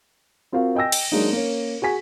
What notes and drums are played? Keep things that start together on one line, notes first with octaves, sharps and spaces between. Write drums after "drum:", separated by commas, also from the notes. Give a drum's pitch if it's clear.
C4 F4 F#4 A#4 F5
D#5 G5 G#5 E6 A#6
drum: cymbal
F#3 G#3 A#3 D4 D#4
A#3 C#4
F#4 G#4 G#5 B6